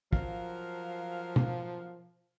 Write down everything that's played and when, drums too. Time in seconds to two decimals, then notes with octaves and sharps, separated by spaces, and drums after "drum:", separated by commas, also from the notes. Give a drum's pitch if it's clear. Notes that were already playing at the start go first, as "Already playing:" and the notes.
0.13 F3 F#3 A#4 F5, drum: kick
1.36 drum: tom B2